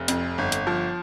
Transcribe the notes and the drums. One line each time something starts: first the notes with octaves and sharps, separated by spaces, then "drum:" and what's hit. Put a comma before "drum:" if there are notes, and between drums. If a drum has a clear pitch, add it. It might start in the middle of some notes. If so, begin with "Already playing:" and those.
Already playing: F1
F2, drum: hi-hat
G1
drum: hi-hat
F3